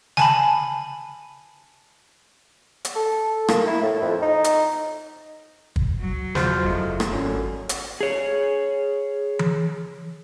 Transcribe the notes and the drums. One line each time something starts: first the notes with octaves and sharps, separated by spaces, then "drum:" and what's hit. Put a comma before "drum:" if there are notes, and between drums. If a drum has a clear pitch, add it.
G#5 A5 B5, drum: snare
drum: hi-hat
A4
A#3, drum: rim click
E4
A2
F2
D#4
drum: hi-hat
drum: kick
F#3
E2 B2 F3 F4 C5, drum: snare
F#1 A2 G#3 E4
drum: rim click
G#1 F#2 D3 C#4
drum: hi-hat
G#4 C#5
drum: tom E3